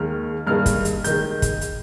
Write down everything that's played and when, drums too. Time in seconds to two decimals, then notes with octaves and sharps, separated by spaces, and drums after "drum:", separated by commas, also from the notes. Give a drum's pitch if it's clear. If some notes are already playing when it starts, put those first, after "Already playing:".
Already playing: D#2 D#3 G#3 F6
0.47 G2 D#3 G#3 F6
0.66 drum: kick, hi-hat
0.85 drum: hi-hat
1.04 D#3 G#3 G6, drum: hi-hat
1.42 drum: kick, hi-hat
1.61 drum: hi-hat